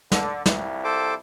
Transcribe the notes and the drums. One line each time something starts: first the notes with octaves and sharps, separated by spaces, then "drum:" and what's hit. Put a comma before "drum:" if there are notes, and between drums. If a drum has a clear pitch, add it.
D3, drum: snare
C2 F2 E4, drum: snare
A4 C5 D6